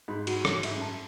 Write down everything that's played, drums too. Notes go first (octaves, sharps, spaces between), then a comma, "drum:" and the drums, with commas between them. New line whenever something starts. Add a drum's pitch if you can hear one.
G#2 B5
F#4, drum: cymbal
C#5, drum: rim click
G#2 E5, drum: cymbal
F#2
A5